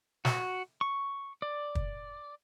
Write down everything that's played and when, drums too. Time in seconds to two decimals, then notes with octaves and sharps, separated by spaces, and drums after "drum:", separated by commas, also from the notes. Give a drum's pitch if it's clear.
0.25 F#4, drum: snare
0.81 C#6
1.42 D5
1.75 drum: kick